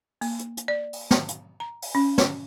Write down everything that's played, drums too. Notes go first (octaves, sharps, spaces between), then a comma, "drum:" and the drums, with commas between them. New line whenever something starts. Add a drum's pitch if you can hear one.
A#3, drum: open hi-hat
drum: hi-hat
drum: hi-hat
D5
drum: open hi-hat
drum: snare
drum: hi-hat
A#5
drum: open hi-hat
C#4
drum: snare